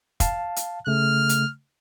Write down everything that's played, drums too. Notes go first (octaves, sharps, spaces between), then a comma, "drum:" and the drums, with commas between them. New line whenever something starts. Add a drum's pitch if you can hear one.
F5 A5, drum: kick, hi-hat
drum: hi-hat
C#3 A3 F6
drum: hi-hat